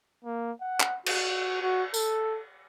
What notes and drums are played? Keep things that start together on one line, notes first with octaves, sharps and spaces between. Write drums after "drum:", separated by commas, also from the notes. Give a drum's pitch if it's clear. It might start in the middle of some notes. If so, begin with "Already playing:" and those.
A#3
F#5
drum: clap
F#4, drum: cymbal
F#4
A4, drum: tambourine